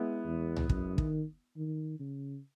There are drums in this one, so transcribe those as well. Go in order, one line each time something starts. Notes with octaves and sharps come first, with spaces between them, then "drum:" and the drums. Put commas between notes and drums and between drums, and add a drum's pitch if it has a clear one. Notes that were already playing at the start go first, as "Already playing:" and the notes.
Already playing: G#3 B3 E4
E2
drum: tom C2
F#2, drum: kick
D#3, drum: kick
D#3
C#3